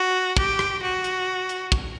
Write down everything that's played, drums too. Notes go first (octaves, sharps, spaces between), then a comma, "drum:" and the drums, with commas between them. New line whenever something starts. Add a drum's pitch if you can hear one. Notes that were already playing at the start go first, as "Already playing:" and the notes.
Already playing: F#4
G4, drum: kick
drum: rim click
F#4
drum: hi-hat
drum: hi-hat
drum: kick